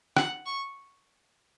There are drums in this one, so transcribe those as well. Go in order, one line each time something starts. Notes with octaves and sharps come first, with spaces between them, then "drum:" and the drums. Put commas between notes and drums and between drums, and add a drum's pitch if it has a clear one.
F#5, drum: rim click
C#6